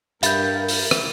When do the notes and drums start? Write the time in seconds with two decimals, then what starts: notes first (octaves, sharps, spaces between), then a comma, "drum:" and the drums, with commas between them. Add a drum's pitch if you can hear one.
0.23 G2 A#4 E5 F5 B5 G6 A6, drum: hi-hat
0.68 drum: open hi-hat
0.91 drum: rim click